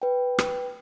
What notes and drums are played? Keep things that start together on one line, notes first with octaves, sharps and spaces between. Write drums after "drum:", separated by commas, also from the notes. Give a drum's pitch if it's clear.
B4 G5
drum: rim click